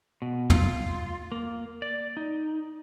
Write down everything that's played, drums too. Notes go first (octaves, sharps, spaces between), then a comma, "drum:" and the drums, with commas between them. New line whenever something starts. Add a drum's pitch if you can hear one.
B2
F4, drum: tom E2
A#3
D5
D#4